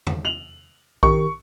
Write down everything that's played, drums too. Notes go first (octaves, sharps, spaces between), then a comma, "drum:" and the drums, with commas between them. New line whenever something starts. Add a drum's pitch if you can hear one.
drum: tom E2
F7 F#7
D#3 G4 A#4 C#6, drum: kick A#1